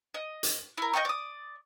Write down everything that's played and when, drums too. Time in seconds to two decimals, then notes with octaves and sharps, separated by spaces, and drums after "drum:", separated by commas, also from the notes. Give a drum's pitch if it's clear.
0.14 D#5
0.43 drum: hi-hat
0.78 E4 A#4
0.94 D#5 E5 G5 C#6
1.05 D5 D#6